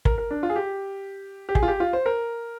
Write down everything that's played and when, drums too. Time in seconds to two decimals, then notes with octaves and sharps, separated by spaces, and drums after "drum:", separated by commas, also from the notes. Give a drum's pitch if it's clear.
0.05 A#4, drum: kick
0.18 A#4
0.31 D4
0.43 F4
0.50 G#4
0.56 G4
1.49 G4
1.55 G#4, drum: kick
1.63 F4
1.68 G4
1.80 F4
1.93 C5
2.06 A#4